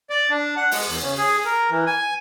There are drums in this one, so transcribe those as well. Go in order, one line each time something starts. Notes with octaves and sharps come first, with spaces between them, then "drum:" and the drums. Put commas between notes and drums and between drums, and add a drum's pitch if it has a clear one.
D5
D4
F#5
G#3, drum: open hi-hat
E2
C#3
G#4
A#4
E3
G#5